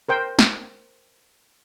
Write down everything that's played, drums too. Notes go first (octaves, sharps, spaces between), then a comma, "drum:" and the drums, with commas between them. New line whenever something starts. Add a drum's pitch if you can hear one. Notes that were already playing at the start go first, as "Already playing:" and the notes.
A#4 C5 G5
drum: snare